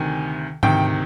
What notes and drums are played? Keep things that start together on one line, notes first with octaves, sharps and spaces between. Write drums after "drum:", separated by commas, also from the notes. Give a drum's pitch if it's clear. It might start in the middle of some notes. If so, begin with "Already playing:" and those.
Already playing: D2 C3 D#3 G#5
D2 C3 D#3 G5, drum: tom G#2